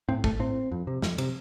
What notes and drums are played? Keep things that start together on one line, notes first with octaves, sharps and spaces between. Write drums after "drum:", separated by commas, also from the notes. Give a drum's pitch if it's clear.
A2 C4
A3, drum: kick
A2 C4
F2
C3
F2, drum: snare
C3, drum: cymbal